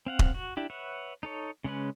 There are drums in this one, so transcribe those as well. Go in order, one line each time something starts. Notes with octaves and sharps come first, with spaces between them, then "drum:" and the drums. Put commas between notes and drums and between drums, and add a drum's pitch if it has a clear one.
C4 F5 F#5
drum: kick D#1
F#4
D4 E4 G4
B4 C#5 E5 F#5
D#4 A4 C#5
C#3 G#3 C#4 B4